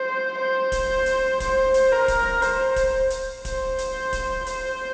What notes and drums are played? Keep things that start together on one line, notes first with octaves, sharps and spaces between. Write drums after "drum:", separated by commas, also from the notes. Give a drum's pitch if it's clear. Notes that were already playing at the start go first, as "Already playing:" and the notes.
Already playing: C5
C5
drum: kick, hi-hat
drum: hi-hat
C5, drum: kick, hi-hat
drum: hi-hat
A#4
drum: kick, hi-hat
C5, drum: hi-hat
drum: kick, hi-hat
drum: hi-hat
C5, drum: kick, hi-hat
drum: hi-hat
drum: kick, hi-hat
C5, drum: hi-hat